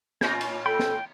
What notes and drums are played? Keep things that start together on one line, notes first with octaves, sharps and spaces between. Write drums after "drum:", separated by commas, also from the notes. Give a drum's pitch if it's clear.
A2 C#4 F4 G6 A#6, drum: snare
drum: cymbal
A4 G5 B5
drum: snare